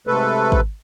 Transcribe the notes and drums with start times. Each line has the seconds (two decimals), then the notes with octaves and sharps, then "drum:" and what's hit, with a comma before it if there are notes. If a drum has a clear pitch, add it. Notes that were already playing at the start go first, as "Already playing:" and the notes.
0.07 G#2 C3 A3 A4 B4
0.52 drum: kick